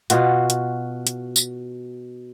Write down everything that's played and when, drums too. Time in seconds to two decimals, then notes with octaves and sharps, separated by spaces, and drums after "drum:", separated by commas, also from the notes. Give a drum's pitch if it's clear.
0.10 B2 F4 F#4, drum: hi-hat
0.50 drum: hi-hat
1.07 drum: hi-hat
1.36 drum: tambourine